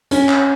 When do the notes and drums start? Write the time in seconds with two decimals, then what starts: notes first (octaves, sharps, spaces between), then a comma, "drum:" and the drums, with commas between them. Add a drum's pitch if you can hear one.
0.11 C#4, drum: hi-hat
0.29 drum: clap